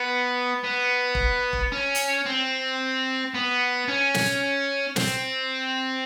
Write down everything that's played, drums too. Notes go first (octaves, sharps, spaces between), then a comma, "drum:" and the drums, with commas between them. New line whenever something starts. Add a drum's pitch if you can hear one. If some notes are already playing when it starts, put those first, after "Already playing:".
Already playing: B3
B3
drum: kick E1
drum: kick E1
C#4
drum: hi-hat
C4
B3
C#4
drum: snare
C4, drum: snare